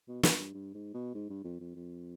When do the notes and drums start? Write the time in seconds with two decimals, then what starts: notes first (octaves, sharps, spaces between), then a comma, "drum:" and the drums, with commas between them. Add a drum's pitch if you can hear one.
0.08 B2
0.23 G2, drum: snare
0.38 G2
0.54 G2
0.74 G#2
0.94 B2
1.14 G#2
1.29 G2
1.44 F2
1.60 F2
1.75 F2